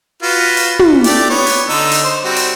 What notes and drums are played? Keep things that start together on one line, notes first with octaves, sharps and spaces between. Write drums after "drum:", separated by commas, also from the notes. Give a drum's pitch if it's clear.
F4 F#4 B4
drum: open hi-hat
drum: tom
A3 G4 D5, drum: open hi-hat
B3 C#5
drum: open hi-hat
D3 D#4 E6
drum: open hi-hat
C5
G3 C4 F#4
drum: open hi-hat